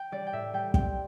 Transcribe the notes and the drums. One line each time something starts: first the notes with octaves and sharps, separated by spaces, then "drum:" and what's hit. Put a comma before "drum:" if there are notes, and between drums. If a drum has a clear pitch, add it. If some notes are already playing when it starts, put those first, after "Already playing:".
Already playing: G5
G3 D5
G5
A2 E5
G3 G5
C3 G5, drum: kick